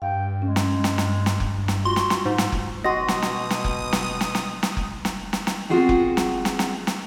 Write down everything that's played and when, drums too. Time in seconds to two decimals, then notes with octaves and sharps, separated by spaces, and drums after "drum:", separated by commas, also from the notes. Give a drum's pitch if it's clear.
0.02 G2 F5 G5
0.42 G#3 C#4
0.56 drum: snare
0.84 drum: snare
0.98 drum: snare
1.26 drum: snare
1.40 drum: kick F1
1.68 drum: snare
1.85 F4 F#4 C6
1.96 drum: snare
2.10 drum: snare
2.25 G#2
2.38 drum: snare
2.52 drum: kick F1
2.84 B2 F#4 D#5 C6 D#6 A#6
3.08 drum: snare
3.22 drum: snare
3.50 drum: snare
3.65 drum: kick F1
3.93 drum: snare
4.21 drum: snare
4.35 drum: snare
4.63 drum: snare
4.77 drum: kick F1
5.05 drum: snare
5.33 drum: snare
5.47 drum: snare
5.69 B3 C4 F4 F#4 G#4 G5
5.89 drum: kick F1
6.17 drum: snare
6.45 drum: snare
6.59 drum: snare
6.87 drum: snare